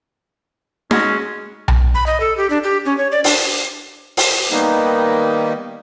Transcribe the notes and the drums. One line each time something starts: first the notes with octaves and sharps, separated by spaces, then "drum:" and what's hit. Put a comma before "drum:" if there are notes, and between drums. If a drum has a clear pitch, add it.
G#3 C#4 F#4, drum: snare D#4
drum: tom B1
B5
D#5
A4
G4
D4
G4
C#4
C#5
D5
D4, drum: open hi-hat
drum: open hi-hat
D#3 G3 A#3 B3 D#4